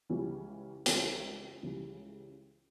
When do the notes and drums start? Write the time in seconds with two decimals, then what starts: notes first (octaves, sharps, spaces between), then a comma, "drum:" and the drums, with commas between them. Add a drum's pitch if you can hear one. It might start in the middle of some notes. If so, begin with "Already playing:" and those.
0.10 C#2 C#3 E3 G3 C#4
0.86 C#2 C#3 E3 G3 C#4, drum: hi-hat
1.63 C#2 C#3 E3 G3 C#4